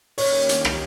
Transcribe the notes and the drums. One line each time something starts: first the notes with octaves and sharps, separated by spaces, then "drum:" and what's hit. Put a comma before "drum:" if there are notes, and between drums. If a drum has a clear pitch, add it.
D#2 D#3 A#3 C#4 G4 C#5, drum: open hi-hat
drum: hi-hat
drum: rim click